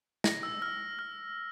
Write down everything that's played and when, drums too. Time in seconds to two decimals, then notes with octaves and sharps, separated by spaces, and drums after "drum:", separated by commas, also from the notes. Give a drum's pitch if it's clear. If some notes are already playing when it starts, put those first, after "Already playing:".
0.24 A#6, drum: snare
0.43 E6
0.62 F6
0.99 F6